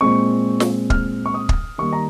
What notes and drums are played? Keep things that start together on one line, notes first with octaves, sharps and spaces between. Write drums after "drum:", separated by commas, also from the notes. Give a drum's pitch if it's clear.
A#2 G#3 C4 C#6
drum: snare
F6, drum: kick
C#6
D#6
drum: kick
D#3 G3 A#3 C#6
A#5